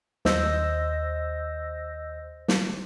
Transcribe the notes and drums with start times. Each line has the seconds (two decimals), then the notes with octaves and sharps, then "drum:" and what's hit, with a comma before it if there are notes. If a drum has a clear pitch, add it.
0.25 D#2 C5 D#5 E6 G6 A#6, drum: snare
2.48 drum: snare